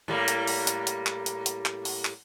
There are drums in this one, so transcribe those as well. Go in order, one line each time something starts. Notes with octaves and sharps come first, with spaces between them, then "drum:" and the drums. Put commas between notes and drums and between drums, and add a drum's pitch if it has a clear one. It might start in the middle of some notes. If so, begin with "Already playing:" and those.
A2 G3 A#3
drum: hi-hat
drum: open hi-hat
drum: hi-hat
drum: hi-hat
drum: clap
drum: hi-hat
drum: hi-hat
drum: clap
drum: open hi-hat
drum: clap